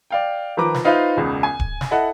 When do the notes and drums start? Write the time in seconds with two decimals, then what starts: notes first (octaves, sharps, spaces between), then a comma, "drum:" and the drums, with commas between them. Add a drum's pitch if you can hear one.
0.11 D5 F5 G5
0.57 D#3 F3 B4 A#5 D6
0.74 drum: snare
0.85 D#4 F4 B4 C5 E5 F5
1.17 E1 C#2 C#3
1.43 G#5
1.60 drum: kick D1
1.81 drum: snare
1.91 E4 A4 D#5 F#5